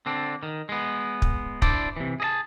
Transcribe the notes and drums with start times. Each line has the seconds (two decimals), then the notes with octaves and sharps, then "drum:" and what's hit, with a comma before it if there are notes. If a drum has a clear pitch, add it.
0.06 D3 C4 D4
0.43 D#3
0.69 G#3 B3
1.22 drum: kick
1.62 D4 E4 C5 D5, drum: kick
1.97 C3 E3
2.20 G#4 D#5 A5